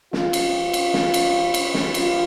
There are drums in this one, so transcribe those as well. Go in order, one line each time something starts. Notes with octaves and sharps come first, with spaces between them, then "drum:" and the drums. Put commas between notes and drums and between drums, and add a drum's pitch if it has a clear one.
F4, drum: snare
drum: cymbal
drum: cymbal
drum: snare
drum: cymbal
drum: cymbal
drum: snare
F4, drum: cymbal